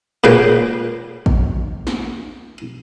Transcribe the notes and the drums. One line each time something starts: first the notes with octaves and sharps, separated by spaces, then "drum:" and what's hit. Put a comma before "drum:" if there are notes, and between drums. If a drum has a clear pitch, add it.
A#2 C#3 B4 G5
drum: kick
drum: snare